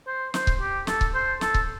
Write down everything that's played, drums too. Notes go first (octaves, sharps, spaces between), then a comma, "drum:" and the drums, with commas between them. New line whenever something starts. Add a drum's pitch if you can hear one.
C5
C5, drum: snare
drum: kick C#1
G4
A4, drum: snare
drum: kick C#1
C5
A4, drum: snare
drum: kick C#1